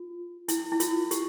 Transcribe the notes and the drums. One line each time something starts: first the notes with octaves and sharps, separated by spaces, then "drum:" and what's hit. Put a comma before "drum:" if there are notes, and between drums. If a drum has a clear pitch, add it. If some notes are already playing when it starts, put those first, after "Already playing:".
Already playing: F4
E4, drum: hi-hat
E4
F4, drum: hi-hat
G4, drum: hi-hat